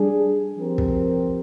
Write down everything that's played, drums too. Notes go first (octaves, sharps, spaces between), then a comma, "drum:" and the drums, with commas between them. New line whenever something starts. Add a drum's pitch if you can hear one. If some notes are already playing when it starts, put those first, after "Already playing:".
Already playing: G3 D4 G#4
F3 C4 G4 A#4
drum: kick